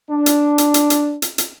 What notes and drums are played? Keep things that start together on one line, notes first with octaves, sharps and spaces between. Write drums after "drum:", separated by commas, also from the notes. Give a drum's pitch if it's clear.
D4
drum: hi-hat
drum: hi-hat
drum: hi-hat
drum: hi-hat
drum: hi-hat
drum: hi-hat